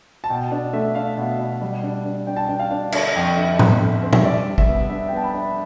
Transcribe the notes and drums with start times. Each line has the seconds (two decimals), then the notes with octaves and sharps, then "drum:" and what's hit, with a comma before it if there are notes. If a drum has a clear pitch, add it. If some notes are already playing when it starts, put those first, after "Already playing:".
0.24 A5
0.30 B2 G5
0.52 D4
0.73 A3 E5
0.95 D4 F5
1.17 B2
1.39 B2
1.61 G3
1.83 D4
2.06 D4
2.27 D4 G5
2.36 A5
2.47 D4 G5
2.59 F5
2.71 D4
2.92 D3 E5, drum: cymbal
3.15 F2 G5
3.36 D3 E5
3.59 C4, drum: tom
3.81 D3
4.03 C4
4.13 E5, drum: tom A#2
4.24 G3 D5
4.46 D4
4.58 E5, drum: kick A1
4.69 B3
4.90 D4 E5
5.09 G5
5.12 B3 A5
5.24 B5
5.34 D4